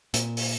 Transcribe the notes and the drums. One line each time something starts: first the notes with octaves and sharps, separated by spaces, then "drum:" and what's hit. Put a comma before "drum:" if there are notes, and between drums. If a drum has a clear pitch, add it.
A#2, drum: hi-hat
drum: open hi-hat